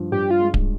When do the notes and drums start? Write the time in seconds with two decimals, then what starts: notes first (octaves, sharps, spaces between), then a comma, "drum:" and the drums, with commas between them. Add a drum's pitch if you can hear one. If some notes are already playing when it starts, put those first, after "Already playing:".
Already playing: G2 F3
0.12 G2 G4
0.31 F4
0.40 G#3
0.54 drum: kick D1